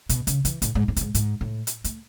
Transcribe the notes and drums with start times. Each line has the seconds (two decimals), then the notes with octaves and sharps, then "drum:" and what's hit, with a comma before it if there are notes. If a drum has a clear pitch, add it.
0.09 B2, drum: hi-hat
0.27 C#3, drum: hi-hat
0.45 E3, drum: hi-hat
0.62 A2, drum: hi-hat
0.75 G#2
0.88 G#2
0.96 F#2, drum: hi-hat
1.01 G#2
1.14 G#2, drum: hi-hat
1.41 A2
1.67 drum: hi-hat
1.84 A3, drum: hi-hat